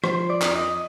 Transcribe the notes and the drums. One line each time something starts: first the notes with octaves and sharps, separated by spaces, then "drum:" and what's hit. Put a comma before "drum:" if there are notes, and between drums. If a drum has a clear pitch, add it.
F3 C5, drum: rim click
D5
F2, drum: clap
D#5